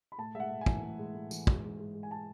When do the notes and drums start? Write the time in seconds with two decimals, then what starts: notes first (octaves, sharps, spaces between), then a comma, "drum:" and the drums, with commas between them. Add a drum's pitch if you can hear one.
0.12 B5
0.18 A2 A5
0.35 G#3 E5
0.40 F#5
0.51 A2
0.61 G#5
0.66 E3, drum: kick
0.83 A2
0.99 G#3
1.15 A2
1.31 E3, drum: tambourine
1.47 G#2, drum: kick
1.63 G#2
1.79 G#3
1.95 G#3
2.03 G#5
2.11 A5